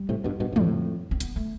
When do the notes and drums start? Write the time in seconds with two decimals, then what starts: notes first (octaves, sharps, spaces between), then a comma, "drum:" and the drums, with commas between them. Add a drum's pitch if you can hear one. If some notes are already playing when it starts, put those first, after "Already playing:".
Already playing: G3
0.09 A2 C3
0.24 G2 B2
0.40 G2 B2
0.53 G2
0.56 F2 A2, drum: tom
1.11 C4
1.20 B3, drum: hi-hat
1.36 A3